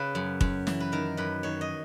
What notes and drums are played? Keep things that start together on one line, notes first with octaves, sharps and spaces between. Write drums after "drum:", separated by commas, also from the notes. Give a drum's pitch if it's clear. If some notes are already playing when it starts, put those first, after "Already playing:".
Already playing: C#3 B4
F#2
F#2, drum: kick
E3, drum: snare
B4
D#3 A#4
F#2 B4
D#3 C#5
D#5